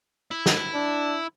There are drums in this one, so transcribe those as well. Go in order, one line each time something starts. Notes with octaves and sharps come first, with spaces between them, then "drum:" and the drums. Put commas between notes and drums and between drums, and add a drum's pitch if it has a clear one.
E4
drum: snare
D4